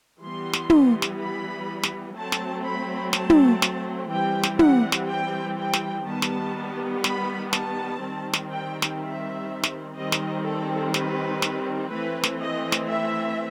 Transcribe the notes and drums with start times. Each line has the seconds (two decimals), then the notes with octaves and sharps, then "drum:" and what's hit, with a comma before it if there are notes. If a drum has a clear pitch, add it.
0.21 E3 G3 B3 C6
0.53 drum: snare
0.70 drum: tom
1.02 drum: snare
1.18 B5
1.83 drum: snare
2.16 F#3 A3 C4 A5
2.32 drum: snare
2.64 B5
3.13 A5, drum: snare
3.30 drum: tom
3.62 drum: snare
4.10 E3 G3 C4 G5
4.43 drum: snare
4.59 F#5, drum: tom
4.92 drum: snare
5.09 G5
5.57 G5
5.73 drum: snare
6.06 D#3 G3 B3 A5
6.22 drum: snare
7.04 B5, drum: snare
7.53 A5, drum: snare
8.01 D#3 G3 C4
8.33 drum: snare
8.50 G5
8.82 drum: snare
8.99 E5
9.63 drum: snare
9.96 D#3 G3 C4 D#5
10.12 drum: snare
10.44 A4
10.94 B4, drum: snare
11.42 drum: snare
11.91 E3 A3 C4 B4
12.23 drum: snare
12.40 D#5
12.72 drum: snare
12.88 E5